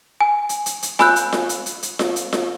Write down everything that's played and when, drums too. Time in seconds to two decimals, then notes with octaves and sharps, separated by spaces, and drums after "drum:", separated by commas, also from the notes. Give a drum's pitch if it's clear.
0.21 G#5
0.49 drum: hi-hat
0.66 drum: hi-hat
0.83 drum: hi-hat
0.99 G#5 B5 E6 F#6 G6, drum: snare F4
1.16 drum: hi-hat
1.33 drum: snare F4
1.49 drum: hi-hat
1.66 drum: hi-hat
1.83 drum: hi-hat
1.99 drum: snare F4
2.16 drum: hi-hat
2.33 drum: snare F4